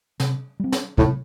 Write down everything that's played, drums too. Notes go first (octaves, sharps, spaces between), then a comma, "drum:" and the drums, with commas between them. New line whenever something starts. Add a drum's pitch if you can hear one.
C3, drum: snare
G3 C4
drum: snare
A2 C3, drum: kick